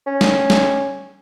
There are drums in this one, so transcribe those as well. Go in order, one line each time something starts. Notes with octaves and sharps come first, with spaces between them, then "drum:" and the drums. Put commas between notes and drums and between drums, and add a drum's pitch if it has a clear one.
C#4
drum: snare
drum: snare